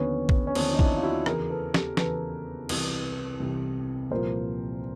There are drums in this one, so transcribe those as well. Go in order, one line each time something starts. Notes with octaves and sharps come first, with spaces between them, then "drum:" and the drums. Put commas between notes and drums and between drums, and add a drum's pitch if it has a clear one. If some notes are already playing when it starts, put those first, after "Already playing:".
Already playing: D#2 D3 F3 B3 C#4
drum: kick
C#4
D#2 D3 F3 C4 D4, drum: cymbal
D#4
D4 E4, drum: kick
F4
E4 F#4
E2 C#3 E3 G#4 A#4, drum: rim click
A4 B4
G4 A4, drum: snare
E2 C#3 E3 A4 B4, drum: snare
C2 C3 E3, drum: cymbal
C2 C3 E3
C2 A#2 F3 A#4 C5